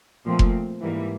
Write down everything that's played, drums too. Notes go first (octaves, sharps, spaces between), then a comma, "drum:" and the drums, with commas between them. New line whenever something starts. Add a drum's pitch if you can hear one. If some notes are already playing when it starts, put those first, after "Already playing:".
A#2 F3 A3 C4
drum: kick F1
G#2 E3 G3 A#3